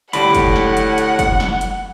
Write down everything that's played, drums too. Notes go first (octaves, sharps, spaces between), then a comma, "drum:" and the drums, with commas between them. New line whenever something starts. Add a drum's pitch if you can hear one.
A2 D3 G3 F#5 B5, drum: hi-hat
drum: kick, hi-hat
drum: snare
drum: hi-hat
drum: hi-hat
drum: kick, hi-hat
drum: snare
drum: hi-hat